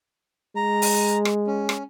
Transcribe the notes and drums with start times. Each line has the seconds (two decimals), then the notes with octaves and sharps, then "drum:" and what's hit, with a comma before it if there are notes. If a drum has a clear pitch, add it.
0.56 G#3 A#5
0.82 drum: open hi-hat
1.25 drum: rim click
1.47 C#4
1.69 drum: rim click